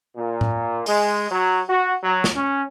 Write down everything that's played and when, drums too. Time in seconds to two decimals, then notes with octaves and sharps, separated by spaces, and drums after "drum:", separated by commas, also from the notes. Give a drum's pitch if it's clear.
0.16 A#2
0.41 drum: tom A2
0.86 G#3, drum: open hi-hat
1.31 F#3
1.68 F#4
2.03 F#3
2.24 drum: snare
2.35 C#4